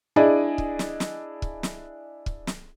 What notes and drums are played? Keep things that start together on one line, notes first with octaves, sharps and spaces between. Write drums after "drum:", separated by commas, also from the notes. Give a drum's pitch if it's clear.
D4 E4 G#4 D5 D#5
drum: kick
drum: snare
drum: snare
drum: kick
drum: snare
drum: kick
drum: snare